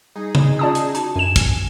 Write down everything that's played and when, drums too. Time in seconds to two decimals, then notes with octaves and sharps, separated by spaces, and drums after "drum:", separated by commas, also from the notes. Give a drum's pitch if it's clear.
0.16 G3 D#4 G#4
0.35 drum: tom C#3
0.59 C#4 F4 D5 A5 D#6
0.75 drum: hi-hat
0.95 D#4 F#4 A5, drum: hi-hat
1.16 F#2 D4 G#5 E7
1.36 drum: kick, hi-hat